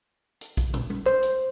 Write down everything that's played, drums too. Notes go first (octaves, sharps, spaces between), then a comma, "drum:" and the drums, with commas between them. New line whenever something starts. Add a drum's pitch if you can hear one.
drum: hi-hat
drum: kick, hi-hat
drum: tom
drum: tom G3
C5, drum: clap
drum: hi-hat